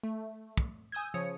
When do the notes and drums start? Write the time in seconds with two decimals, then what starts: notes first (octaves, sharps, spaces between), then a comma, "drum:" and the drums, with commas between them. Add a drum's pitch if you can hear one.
0.03 A3
0.57 drum: kick
0.92 G#5 D#6 E6 G6 G#6
1.14 C#3 F3 C#5 D#6 C#7